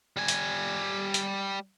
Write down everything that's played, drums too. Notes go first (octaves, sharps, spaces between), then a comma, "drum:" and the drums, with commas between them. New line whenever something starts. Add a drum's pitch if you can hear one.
G3 G#5
drum: hi-hat
drum: hi-hat